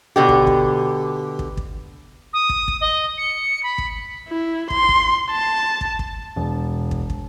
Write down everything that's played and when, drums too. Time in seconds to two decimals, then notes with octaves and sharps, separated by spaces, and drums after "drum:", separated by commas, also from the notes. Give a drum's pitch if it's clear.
0.16 B2 D3 G4
0.29 drum: kick
0.47 drum: kick
1.39 drum: kick
1.57 drum: kick
2.33 D#6
2.49 drum: kick
2.68 drum: kick
2.81 D#5
3.18 C#7
3.63 B5
3.78 drum: kick
4.29 E4
4.70 C6, drum: kick
4.89 drum: kick
5.31 A5
5.81 drum: kick
5.99 drum: kick
6.36 E1
6.91 drum: kick
7.10 drum: kick